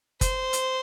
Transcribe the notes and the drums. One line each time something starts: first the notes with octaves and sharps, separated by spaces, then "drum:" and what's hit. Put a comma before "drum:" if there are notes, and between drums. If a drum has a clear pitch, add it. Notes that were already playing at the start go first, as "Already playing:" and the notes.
C5, drum: kick F#1, hi-hat
drum: hi-hat